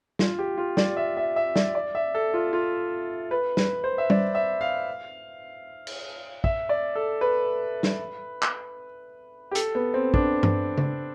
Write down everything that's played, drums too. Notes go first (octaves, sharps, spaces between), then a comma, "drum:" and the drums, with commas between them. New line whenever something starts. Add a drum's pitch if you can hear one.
F4, drum: snare
G4
F4
D5, drum: snare
E5
E5
E5
D5, drum: snare
D5
E5
A4
F4
F4
B4
B4, drum: snare
C5
E5
D5, drum: tom G3
E5
F5
drum: cymbal
E5, drum: kick
D5
A4
B4
drum: snare
drum: clap
G4
A4, drum: hi-hat
B3
C4
D4, drum: kick
drum: tom G2
drum: tom C#3